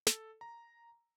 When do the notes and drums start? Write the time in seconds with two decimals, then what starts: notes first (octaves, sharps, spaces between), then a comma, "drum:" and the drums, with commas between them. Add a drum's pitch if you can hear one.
0.07 A4, drum: snare
0.41 A#5